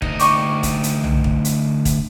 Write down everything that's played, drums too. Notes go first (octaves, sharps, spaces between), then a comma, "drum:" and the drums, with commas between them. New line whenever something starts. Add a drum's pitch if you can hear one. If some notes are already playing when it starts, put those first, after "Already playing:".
D2 D#4, drum: kick
D5 G5 C#6, drum: hi-hat
drum: kick, hi-hat
drum: hi-hat
drum: tom
drum: kick
drum: hi-hat
drum: kick, hi-hat